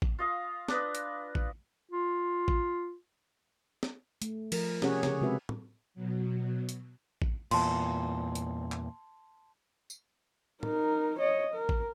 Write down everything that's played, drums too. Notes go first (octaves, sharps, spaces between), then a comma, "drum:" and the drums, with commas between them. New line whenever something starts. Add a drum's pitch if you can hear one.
drum: kick
F4 D#5 F5
D4 B4 D#5, drum: snare
drum: hi-hat
drum: kick
F4
drum: kick
drum: snare
A3, drum: hi-hat
F3 A#4, drum: cymbal
C3 C#4 G4 G#4 C#5 F#5, drum: snare
C#3 G#4, drum: snare
C3 G#3 C4 F#4 B4 E5
drum: tom
B2 F#3
drum: hi-hat
drum: kick
E2 A#2 A5 C6, drum: cymbal
drum: hi-hat
drum: clap
drum: tambourine
D#4 A#4, drum: tom
C#5 D#5
A#4
drum: kick